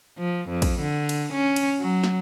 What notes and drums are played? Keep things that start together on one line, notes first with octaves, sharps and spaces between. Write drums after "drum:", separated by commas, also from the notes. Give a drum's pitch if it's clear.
F3
F2
drum: kick, cymbal
D3
drum: cymbal
C#4
drum: cymbal
F#3
drum: snare